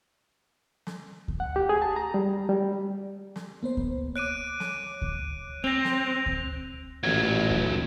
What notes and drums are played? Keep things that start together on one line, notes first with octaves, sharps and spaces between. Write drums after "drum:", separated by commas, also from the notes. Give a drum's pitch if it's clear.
drum: snare
drum: kick D2
F#5
G4
G#4
A5
A#5
G3
G3
drum: snare
A#3 B3 C5
drum: kick D2
C#5 D6 F#6 D7 D#7
drum: snare
drum: kick D2
C4 A#6 F7
drum: snare
drum: kick D2
A1 A#2 E3 F#3 G#6
drum: kick D2